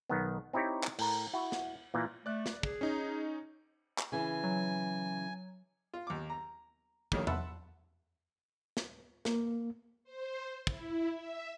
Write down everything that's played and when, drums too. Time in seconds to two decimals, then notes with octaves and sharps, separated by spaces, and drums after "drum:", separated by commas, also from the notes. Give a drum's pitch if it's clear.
0.09 B1 D#3 B3
0.53 C4 D#4 E4 G4 C#5
0.83 drum: clap
0.99 A2 A#4, drum: cymbal
1.33 E4 F#4
1.52 drum: snare
1.94 A#2 E3 A#3
2.26 A3 D5 F#6
2.46 drum: snare
2.63 G#4, drum: kick
2.81 C#4 D#4
3.99 drum: clap
4.12 C#3 E3 G#5
4.44 F#3
5.93 F4
6.07 D#2 D6
6.30 A#5
7.12 F2 A2 D#3 G3 A#3 C#4, drum: kick
7.27 E5 F#5 A5 B5 C6 E6, drum: tom E2
8.77 drum: snare
9.25 A#3, drum: snare
10.04 C5
10.67 E4, drum: kick
11.12 E5